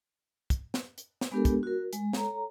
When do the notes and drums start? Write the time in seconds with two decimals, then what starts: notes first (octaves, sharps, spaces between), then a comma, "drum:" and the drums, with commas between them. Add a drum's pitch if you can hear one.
0.50 drum: kick, hi-hat
0.74 drum: snare
0.98 drum: hi-hat
1.21 drum: snare
1.31 G#3 B3 D4 G4 A4 A#4
1.45 drum: kick, hi-hat
1.63 F#4 A#4
1.93 G#3, drum: hi-hat
2.13 A4 C#5 A#5, drum: snare